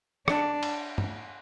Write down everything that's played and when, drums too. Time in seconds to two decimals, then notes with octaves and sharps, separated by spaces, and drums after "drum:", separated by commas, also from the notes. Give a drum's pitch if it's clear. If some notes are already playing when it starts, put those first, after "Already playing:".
0.28 D4, drum: rim click
0.63 drum: cymbal
0.98 drum: tom